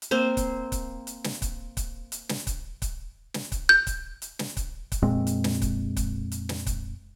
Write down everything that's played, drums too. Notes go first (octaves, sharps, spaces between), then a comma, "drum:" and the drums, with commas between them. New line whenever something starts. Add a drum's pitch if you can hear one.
drum: hi-hat
A#3 C4 C5
drum: kick C#1, hi-hat
drum: kick C#1, hi-hat
drum: hi-hat
drum: snare
drum: kick C#1, hi-hat
drum: kick C#1, hi-hat
drum: hi-hat
drum: snare
drum: kick C#1, hi-hat
drum: kick C#1, hi-hat
drum: snare
drum: kick C#1, hi-hat
G6
drum: kick C#1, hi-hat
drum: hi-hat
drum: snare
drum: kick C#1, hi-hat
drum: kick C#1, hi-hat
F2 A#2 G#3 C4
drum: hi-hat
drum: snare
drum: kick C#1, hi-hat
drum: kick C#1, hi-hat
drum: hi-hat
drum: snare
drum: kick C#1, hi-hat